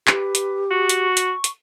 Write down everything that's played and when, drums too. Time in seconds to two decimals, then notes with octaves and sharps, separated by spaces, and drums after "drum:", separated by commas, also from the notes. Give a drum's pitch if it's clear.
0.07 G4 B4, drum: clap
0.35 drum: hi-hat
0.71 F#4 C#6
0.89 drum: hi-hat
1.17 drum: hi-hat
1.44 drum: hi-hat